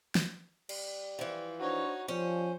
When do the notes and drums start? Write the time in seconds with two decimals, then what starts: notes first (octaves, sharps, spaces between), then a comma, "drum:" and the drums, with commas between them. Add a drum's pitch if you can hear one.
0.15 drum: snare
0.69 G3, drum: cymbal
1.19 E3 F3
1.60 D4 D#4 F#4 C5 C#5
2.08 F3 G3 C#4 C5